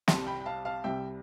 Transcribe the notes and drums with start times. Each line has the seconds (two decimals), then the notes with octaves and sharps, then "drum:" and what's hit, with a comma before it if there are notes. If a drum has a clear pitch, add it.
0.08 C2 C3 G3 A5 C6, drum: snare
0.27 G5 B5
0.40 G5
0.46 F5 A5
0.65 F5 A5
0.84 C2 C3 G3 E5 G5